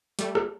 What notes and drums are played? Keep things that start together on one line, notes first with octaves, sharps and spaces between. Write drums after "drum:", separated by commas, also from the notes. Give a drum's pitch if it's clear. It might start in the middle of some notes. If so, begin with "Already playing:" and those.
G3 A3, drum: hi-hat
drum: rim click